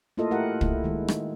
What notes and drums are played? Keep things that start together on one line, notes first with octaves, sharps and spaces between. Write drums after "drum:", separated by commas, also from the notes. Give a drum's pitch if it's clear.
A3 A#3 E4 F4 A4 D#5
A3 E4 G4 A#4 F#5
A3 E4, drum: kick
D#3 G#3
drum: rim click